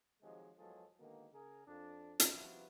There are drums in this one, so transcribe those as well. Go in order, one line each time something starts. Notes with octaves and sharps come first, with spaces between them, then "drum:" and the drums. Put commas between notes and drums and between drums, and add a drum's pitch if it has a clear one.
C3 D#3 F3 F#3 G#3
E2 F3 F#3 G#3 G#4 A4
B2 D3 D#3 G#3 A#3
C#3 G#4 A#4
F2 D4
drum: hi-hat
G2 C3 F3 B3 E4 F#4